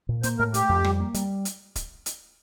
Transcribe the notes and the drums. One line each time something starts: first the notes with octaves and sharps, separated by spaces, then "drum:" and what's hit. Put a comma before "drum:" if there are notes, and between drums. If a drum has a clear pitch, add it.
A#2
A#3 C5, drum: hi-hat
A2 A#4
A3 G4, drum: hi-hat
F2
G3, drum: rim click
A#3
G3, drum: hi-hat
drum: hi-hat
drum: kick D#1, hi-hat
drum: hi-hat